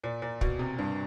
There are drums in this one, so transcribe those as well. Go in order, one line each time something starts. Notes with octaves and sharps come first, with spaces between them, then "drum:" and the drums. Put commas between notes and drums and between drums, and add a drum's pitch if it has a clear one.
A#2
A#2
B2, drum: kick
C3
G2